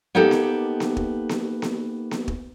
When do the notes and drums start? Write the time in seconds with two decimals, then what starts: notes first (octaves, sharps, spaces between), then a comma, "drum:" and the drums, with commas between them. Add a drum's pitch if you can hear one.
0.15 A#3 B3 D#4 G4 A4
0.31 drum: snare B3
0.80 drum: snare B3
0.97 drum: kick
1.29 drum: snare B3
1.62 drum: snare B3
2.11 drum: snare B3
2.28 drum: kick